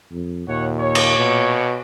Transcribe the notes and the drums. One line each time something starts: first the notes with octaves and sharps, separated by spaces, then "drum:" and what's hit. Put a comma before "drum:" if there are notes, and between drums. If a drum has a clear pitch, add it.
F2
D#2 A#2 C#5 F#5
C#5
drum: cymbal
B2